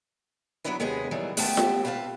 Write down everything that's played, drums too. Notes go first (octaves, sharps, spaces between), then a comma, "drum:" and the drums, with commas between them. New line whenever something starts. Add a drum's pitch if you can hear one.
F#3 G3 B3 D4 E4 B4
D#2 C3 G#3 B3 G#4 D#5
D#3 E3 F#3 G3
A3 B3 C#4 G4 G5 A5, drum: open hi-hat
drum: snare F4
C4 B4 F5 G#5 A5